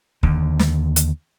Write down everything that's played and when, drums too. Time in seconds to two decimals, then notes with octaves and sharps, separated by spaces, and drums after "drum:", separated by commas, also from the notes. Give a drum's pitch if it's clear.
0.23 D#2 D3, drum: kick
0.59 drum: snare
0.96 drum: hi-hat